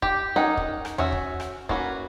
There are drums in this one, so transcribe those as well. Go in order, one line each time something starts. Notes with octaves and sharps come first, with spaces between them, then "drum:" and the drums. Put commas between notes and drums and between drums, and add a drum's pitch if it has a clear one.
G4, drum: kick
C#4 D#4 A#4 F#5 G5
drum: kick
drum: rim click
C#4 F#4 E5, drum: tom E2
drum: kick
drum: rim click
A#3 C#4 F#4 B4, drum: kick